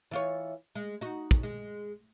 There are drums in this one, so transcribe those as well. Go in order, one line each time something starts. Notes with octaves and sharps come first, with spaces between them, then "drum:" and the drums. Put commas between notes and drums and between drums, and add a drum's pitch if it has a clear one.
E3 F4 C#5
G#3
D#4 F#4
drum: kick
G#3